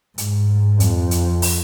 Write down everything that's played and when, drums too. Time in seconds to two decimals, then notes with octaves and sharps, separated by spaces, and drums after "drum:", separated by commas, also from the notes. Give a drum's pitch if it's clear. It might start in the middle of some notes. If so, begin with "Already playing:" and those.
0.18 G#2, drum: hi-hat
0.80 F2, drum: hi-hat
1.11 drum: hi-hat
1.42 drum: open hi-hat